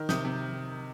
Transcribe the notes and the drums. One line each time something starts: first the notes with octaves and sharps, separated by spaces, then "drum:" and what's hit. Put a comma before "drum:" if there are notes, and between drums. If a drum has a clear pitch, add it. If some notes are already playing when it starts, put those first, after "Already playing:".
Already playing: D#3
C3 D#6 G6, drum: snare
C3